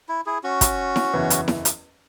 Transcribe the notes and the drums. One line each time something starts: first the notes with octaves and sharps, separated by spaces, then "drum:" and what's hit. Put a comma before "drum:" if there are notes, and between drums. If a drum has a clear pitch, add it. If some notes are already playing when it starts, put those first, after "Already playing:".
E4
E4 G#4
C#4 F#4
drum: kick, hi-hat
drum: snare E4
F#1 E2 E3
drum: hi-hat
drum: snare E4
drum: hi-hat